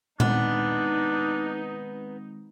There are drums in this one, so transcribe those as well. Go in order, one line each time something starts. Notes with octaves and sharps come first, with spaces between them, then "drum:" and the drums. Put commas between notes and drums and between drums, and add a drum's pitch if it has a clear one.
D#3 G#3 B3 C4 D4 D#4, drum: tom A#2